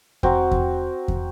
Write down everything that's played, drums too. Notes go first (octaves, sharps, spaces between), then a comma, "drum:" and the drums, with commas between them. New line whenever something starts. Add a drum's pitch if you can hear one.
C4 F#4 A#5, drum: kick E2
drum: kick E2
drum: kick E2